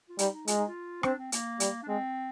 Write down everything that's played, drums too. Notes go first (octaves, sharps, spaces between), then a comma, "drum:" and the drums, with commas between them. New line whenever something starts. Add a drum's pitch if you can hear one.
F4
G3 D#4, drum: hi-hat
D#4
G#3 F4, drum: hi-hat
D#4
F4
C4 D4, drum: rim click
C4
A#3, drum: hi-hat
G3, drum: hi-hat
D4
G#3 C4